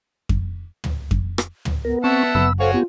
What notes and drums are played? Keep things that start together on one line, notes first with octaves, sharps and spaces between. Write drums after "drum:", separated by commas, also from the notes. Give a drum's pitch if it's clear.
drum: kick F2
drum: tom
drum: kick F2
drum: rim click
drum: tom
B3 A#4
C4 E5 F#5 A5 C#6
F#1 B5 E6
F#4 A4 C5 C#5 F5 G#5
B3 F4 G4